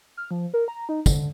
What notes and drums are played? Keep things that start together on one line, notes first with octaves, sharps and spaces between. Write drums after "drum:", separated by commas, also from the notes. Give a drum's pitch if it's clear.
F6
F3
A#4
A#5
D#4
D3, drum: kick, tambourine